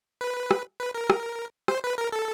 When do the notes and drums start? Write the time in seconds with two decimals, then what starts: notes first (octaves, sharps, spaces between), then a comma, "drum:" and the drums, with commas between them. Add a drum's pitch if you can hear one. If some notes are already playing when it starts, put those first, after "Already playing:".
0.21 B4
0.51 drum: rim click
0.80 B4
0.94 A#4
1.10 drum: rim click
1.68 C5, drum: rim click
1.84 B4
1.98 A#4
2.12 A4